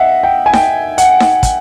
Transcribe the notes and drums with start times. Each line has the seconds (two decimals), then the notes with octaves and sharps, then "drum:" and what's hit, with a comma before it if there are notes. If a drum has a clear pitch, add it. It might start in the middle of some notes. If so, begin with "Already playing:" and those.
Already playing: D#5 E5 F#5
0.23 G5
0.46 G#5
0.53 G5, drum: snare D#4
0.98 F#5, drum: hi-hat
1.20 drum: snare D#4
1.43 drum: kick, hi-hat